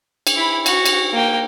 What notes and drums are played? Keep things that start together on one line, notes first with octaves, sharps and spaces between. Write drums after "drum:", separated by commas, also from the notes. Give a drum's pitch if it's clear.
drum: cymbal
E4 B5
F#4, drum: cymbal
drum: cymbal
A#3 G5